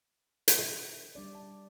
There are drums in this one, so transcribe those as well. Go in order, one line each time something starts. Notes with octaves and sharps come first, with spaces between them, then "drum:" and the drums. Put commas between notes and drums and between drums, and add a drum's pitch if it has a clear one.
drum: hi-hat
G#3 E5
G3 D4 D5
A5